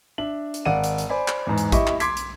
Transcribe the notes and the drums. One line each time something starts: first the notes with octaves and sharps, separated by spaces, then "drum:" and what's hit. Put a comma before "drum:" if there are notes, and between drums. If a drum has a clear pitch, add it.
D4 E5 F#7
drum: hi-hat
G#1 D5 F5 F#5 D#7
drum: hi-hat
drum: hi-hat
C5 D5 G#5 B5
drum: clap
E2 G#2
drum: hi-hat
E4 G4 D#5 E5 B5 C#6, drum: kick A1, hi-hat
drum: clap
C6 D6 G#6 B6, drum: hi-hat
drum: hi-hat